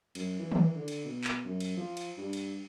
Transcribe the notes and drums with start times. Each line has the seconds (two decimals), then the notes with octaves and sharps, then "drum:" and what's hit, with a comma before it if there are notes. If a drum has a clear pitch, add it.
0.15 F#2, drum: cymbal
0.39 E3
0.51 drum: tom D#3
0.76 D3
0.88 drum: cymbal
1.05 B2
1.24 drum: clap
1.45 F#2
1.60 drum: cymbal
1.77 F3
1.97 drum: cymbal
2.18 G2
2.33 drum: cymbal